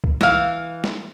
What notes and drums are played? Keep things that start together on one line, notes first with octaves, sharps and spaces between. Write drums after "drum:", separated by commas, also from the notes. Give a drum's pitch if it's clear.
drum: kick C#2
E3 F5, drum: snare
drum: snare